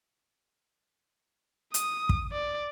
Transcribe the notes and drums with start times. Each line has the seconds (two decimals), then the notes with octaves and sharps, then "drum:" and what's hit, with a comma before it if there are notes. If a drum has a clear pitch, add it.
1.74 D#6, drum: hi-hat
2.09 drum: kick
2.33 D5